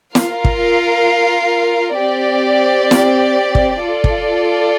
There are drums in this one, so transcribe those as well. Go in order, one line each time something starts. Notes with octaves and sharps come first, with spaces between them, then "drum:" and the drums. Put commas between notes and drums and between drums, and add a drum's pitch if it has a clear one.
F4 A#4 F5, drum: snare
drum: kick
C4 G4 D5
drum: snare
drum: kick
F4 A4 D5
drum: kick